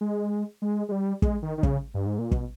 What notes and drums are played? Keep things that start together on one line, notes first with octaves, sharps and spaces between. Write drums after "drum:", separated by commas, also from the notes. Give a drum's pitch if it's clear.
G#3
G#3
G#3
G3
G#3, drum: kick
D#3
D#3
C#3, drum: kick
G2
G#2
A#2
B2, drum: kick